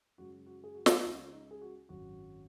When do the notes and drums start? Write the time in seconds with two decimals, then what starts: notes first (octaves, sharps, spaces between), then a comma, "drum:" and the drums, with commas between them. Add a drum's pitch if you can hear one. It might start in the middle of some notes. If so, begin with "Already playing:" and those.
0.18 F#2 C#3 G#3 F#4
0.47 F#4
0.64 G#4
0.75 F#4
0.86 drum: snare
1.04 C#2 C#3 G#3 D#4
1.33 D#4
1.51 G#4
1.62 F#4
1.89 G#1 F#2 F#3 F#4